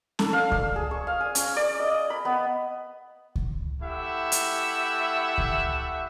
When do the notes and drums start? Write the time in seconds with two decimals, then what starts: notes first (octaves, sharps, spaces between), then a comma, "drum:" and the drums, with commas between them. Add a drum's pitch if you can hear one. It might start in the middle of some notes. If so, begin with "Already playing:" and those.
0.19 A4, drum: snare C#4
0.33 F5
0.52 E6, drum: kick C#2
0.76 G#4
0.91 C#6
1.07 F5
1.21 G#5
1.35 C#4, drum: hi-hat
1.56 D5
1.80 D#5
2.10 B5
2.25 B3
3.35 drum: kick C#2
3.81 A3 E4 G4 E5 F#5
4.32 drum: hi-hat
5.38 drum: kick C#2